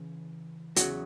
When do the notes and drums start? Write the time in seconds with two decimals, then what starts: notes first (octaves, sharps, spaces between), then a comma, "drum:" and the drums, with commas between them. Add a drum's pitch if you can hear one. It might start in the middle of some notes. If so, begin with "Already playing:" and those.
Already playing: C#3 E3
0.76 E2 C#3 F#3 F#4, drum: hi-hat